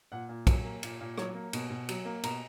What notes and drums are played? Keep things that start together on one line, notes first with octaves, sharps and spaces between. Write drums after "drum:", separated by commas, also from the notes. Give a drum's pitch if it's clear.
A#2 F#5
A#2
F#3, drum: kick, cymbal
A#3
A#2, drum: cymbal
A#2
F#3 C#5, drum: rim click
A#3
B2, drum: cymbal
B2
F#3, drum: cymbal
A#3
B2 A#5, drum: cymbal